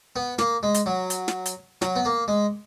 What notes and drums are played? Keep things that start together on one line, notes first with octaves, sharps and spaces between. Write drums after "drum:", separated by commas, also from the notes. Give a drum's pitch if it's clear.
B3
A#3, drum: snare
G#3
drum: hi-hat
F#3
drum: hi-hat
drum: snare
drum: hi-hat
F#3, drum: snare
B3
A#3
G#3